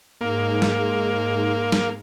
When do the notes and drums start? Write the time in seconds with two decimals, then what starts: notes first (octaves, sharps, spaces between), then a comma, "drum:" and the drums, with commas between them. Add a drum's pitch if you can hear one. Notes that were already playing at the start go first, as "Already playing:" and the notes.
0.21 G#2 G#3 A#3
0.62 drum: snare
1.72 drum: snare